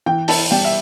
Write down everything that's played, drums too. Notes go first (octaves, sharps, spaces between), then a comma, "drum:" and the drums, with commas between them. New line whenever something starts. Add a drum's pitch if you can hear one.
E3 G5
E4 A5, drum: open hi-hat
G3 G5
E5